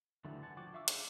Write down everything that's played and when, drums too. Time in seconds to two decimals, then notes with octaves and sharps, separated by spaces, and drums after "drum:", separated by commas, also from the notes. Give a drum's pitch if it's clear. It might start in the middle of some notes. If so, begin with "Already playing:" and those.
0.25 D3 E3 F#3 G3 A3
0.43 F#5 G#5 A5
0.57 F3 F#4 G5 D6
0.74 E5 F5 C#6 D6 E6
0.88 D4 G#4 E5 A#5, drum: hi-hat